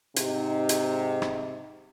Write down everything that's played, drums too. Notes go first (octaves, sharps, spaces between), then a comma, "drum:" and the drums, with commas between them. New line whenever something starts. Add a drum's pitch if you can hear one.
G#2 C3 D#4, drum: hi-hat
drum: hi-hat
drum: rim click